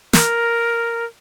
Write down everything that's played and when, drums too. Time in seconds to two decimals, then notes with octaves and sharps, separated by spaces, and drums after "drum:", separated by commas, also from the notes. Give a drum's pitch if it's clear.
0.13 A#4, drum: snare